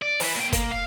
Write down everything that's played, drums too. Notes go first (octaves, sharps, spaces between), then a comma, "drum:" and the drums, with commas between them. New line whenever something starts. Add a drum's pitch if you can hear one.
D5
E3 B4, drum: open hi-hat
A#2 G5
A#3, drum: kick, hi-hat
F5